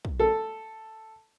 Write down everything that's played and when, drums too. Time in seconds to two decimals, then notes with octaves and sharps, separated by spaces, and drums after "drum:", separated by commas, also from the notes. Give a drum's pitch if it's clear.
0.05 drum: kick
0.19 A4